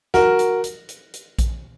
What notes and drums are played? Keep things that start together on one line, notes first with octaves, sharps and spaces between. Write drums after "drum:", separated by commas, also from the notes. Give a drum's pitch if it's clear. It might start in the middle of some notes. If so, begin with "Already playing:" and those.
F#4 A#4, drum: snare
drum: hi-hat
drum: hi-hat
drum: hi-hat
drum: hi-hat
drum: kick A#1, hi-hat